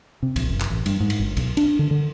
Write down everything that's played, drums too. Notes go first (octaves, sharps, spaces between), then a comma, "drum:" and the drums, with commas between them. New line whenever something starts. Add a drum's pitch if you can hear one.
C3
A#1, drum: kick C2, cymbal
F#1
drum: clap
A1
G2, drum: cymbal
G#2
drum: cymbal
G1
B1, drum: kick C2, cymbal
D4, drum: cymbal
D3
D3